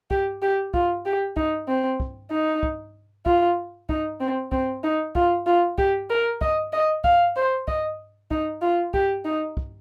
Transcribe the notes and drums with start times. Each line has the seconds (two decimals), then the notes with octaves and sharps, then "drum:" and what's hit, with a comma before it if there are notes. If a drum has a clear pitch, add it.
0.11 G4, drum: kick
0.42 G4
0.74 F4, drum: kick
1.06 G4
1.37 D#4, drum: kick
1.68 C4
2.00 drum: kick
2.31 D#4
2.63 drum: kick
3.26 F4, drum: kick
3.89 D#4, drum: kick
4.20 C4
4.52 C4, drum: kick
4.84 D#4
5.15 F4, drum: kick
5.47 F4
5.78 G4, drum: kick
6.10 A#4
6.41 D#5, drum: kick
6.73 D#5
7.04 F5, drum: kick
7.36 C5
7.68 D#5, drum: kick
8.31 D#4, drum: kick
8.62 F4
8.94 G4, drum: kick
9.25 D#4
9.57 drum: kick